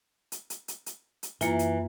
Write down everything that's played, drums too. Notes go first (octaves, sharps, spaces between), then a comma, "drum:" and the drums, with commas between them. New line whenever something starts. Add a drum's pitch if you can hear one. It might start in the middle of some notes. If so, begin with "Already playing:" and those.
drum: hi-hat
drum: hi-hat
drum: hi-hat
drum: hi-hat
drum: hi-hat
F#2 E3 A#3 F4, drum: hi-hat
drum: hi-hat